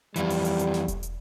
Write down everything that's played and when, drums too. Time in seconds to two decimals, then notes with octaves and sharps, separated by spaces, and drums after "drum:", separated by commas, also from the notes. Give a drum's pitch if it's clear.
0.16 F2 E3 G3, drum: hi-hat
0.30 drum: open hi-hat
0.45 drum: hi-hat
0.59 drum: hi-hat
0.74 drum: snare
0.88 drum: kick E1, hi-hat
1.03 drum: hi-hat